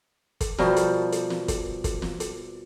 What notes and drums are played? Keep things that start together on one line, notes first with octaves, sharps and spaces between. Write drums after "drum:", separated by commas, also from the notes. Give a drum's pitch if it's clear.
drum: kick, hi-hat
B2 F3 G3 A#4, drum: snare
drum: hi-hat
drum: hi-hat
drum: snare
drum: kick, hi-hat
drum: kick, hi-hat
drum: snare
drum: hi-hat